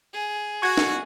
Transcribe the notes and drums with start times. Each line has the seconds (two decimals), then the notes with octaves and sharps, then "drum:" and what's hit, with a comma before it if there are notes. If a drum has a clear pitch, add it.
0.13 G#4
0.62 F#4 C#6 G#6
0.77 drum: snare